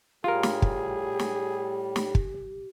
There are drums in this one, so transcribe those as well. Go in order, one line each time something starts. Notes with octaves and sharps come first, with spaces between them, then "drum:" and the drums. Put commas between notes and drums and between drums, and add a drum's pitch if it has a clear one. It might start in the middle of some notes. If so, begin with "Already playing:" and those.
A2 G3 F4 G4 G#4 A#4
drum: snare
drum: kick
drum: snare
drum: snare
drum: kick